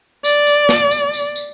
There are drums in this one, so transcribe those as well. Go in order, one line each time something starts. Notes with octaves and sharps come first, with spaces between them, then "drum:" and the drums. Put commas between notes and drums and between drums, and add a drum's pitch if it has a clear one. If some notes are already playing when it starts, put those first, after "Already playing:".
D5, drum: tambourine
drum: tambourine
drum: snare
drum: tambourine
drum: tambourine
drum: tambourine